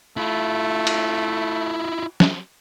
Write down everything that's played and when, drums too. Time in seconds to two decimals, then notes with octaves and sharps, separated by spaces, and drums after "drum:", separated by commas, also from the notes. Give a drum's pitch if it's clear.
0.17 A3 E4 F4
0.87 drum: cymbal
2.20 drum: snare